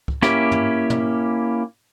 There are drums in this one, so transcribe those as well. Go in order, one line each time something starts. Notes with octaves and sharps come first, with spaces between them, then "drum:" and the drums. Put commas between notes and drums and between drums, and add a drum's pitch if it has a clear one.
drum: kick
A#3 C#4 E4 G4, drum: snare
drum: tom
drum: tom